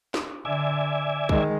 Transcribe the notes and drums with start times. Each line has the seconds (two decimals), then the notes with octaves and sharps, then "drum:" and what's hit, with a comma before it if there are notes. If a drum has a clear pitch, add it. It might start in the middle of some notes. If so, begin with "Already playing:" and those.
0.14 drum: snare
0.45 D3 D5 E5 G#5
1.29 D#3 G#3, drum: kick B1